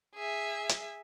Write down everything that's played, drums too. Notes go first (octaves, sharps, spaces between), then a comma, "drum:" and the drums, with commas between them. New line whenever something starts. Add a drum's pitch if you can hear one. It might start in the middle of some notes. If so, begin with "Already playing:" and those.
G#4 E5
drum: hi-hat